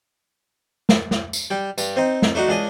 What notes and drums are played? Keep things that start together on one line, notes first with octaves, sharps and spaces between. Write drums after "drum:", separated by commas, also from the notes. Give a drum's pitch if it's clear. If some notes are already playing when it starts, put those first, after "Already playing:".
drum: snare
drum: snare
drum: tambourine
G3 G5
G2, drum: tambourine
C4 D#4
drum: snare
A3 D4 D#4 F#4
C#2 D4 D#5 G#5